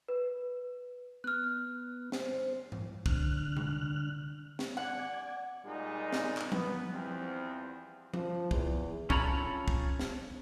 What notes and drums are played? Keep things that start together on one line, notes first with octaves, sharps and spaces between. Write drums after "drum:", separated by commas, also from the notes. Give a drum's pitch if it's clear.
B4
B3 F6 F#6
C5, drum: snare
drum: tom G#2
D3 F6 F#6, drum: kick
drum: tom C3
drum: snare
D5 F#5 G#5
A#2 G3 G#3 D#4
drum: snare
drum: clap
B3, drum: tom F3
E2 F3 G3 C4
F3, drum: tom F3
E2, drum: kick
C#4 F4 A4 C#5 A#5 B5, drum: kick
drum: kick
drum: snare